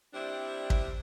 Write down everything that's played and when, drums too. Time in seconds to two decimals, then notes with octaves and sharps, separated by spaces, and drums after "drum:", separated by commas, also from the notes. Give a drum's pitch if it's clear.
0.13 G3 C4 D4 E4
0.70 drum: kick